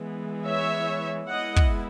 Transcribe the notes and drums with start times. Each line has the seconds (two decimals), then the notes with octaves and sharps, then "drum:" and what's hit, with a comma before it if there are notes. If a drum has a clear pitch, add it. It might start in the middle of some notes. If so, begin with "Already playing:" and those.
Already playing: E3 G#3 B3
0.46 C#5 E5
1.29 G#3 B3 E4 D#5 F#5
1.56 drum: kick